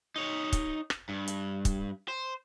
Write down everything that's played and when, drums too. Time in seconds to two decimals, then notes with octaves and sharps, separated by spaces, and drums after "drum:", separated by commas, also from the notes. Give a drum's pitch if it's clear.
0.16 D#4 C#5
0.53 drum: kick, hi-hat
0.90 drum: rim click
1.09 G2
1.28 drum: hi-hat
1.65 drum: kick, hi-hat
2.08 C5